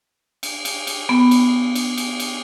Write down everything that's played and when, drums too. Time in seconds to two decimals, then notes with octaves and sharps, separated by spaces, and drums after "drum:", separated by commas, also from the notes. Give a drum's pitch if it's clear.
0.43 drum: cymbal
0.65 drum: cymbal
0.87 drum: cymbal
1.09 B3
1.31 drum: cymbal
1.75 drum: cymbal
1.97 drum: cymbal
2.20 drum: cymbal